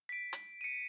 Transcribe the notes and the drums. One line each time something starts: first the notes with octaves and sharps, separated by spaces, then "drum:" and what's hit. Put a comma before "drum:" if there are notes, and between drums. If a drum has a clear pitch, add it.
B6 D7
drum: hi-hat
C#7 D#7